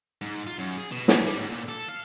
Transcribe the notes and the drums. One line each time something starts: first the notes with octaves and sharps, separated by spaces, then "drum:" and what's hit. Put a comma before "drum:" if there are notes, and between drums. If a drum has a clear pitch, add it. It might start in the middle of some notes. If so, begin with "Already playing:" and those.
G#2
F4
F#2
G#4
B2
F#2, drum: snare
G3
G#2
A#2
A4
F5